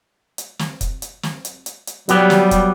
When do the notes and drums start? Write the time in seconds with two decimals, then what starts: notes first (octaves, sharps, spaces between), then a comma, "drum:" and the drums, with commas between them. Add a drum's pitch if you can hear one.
0.38 drum: hi-hat
0.59 drum: snare
0.81 drum: kick, hi-hat
1.02 drum: hi-hat
1.23 drum: snare
1.45 drum: hi-hat
1.66 drum: hi-hat
1.87 drum: hi-hat
2.09 F#3 G3 B3 G4, drum: hi-hat
2.30 drum: snare
2.51 drum: kick, hi-hat